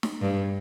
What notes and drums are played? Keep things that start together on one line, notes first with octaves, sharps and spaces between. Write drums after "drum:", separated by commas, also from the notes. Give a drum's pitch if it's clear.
drum: snare
G2